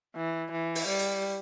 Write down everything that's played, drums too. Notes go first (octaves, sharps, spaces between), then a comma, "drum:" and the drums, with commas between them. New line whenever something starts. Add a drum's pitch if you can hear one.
E3
E3
drum: open hi-hat
G3
drum: hi-hat